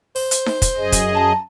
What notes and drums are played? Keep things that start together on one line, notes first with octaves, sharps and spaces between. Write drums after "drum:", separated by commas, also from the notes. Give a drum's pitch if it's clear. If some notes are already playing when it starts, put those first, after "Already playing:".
C5, drum: open hi-hat
drum: hi-hat
drum: snare D#4
drum: kick, hi-hat
F#2 G#4 D#5
drum: kick, hi-hat
A5 A#5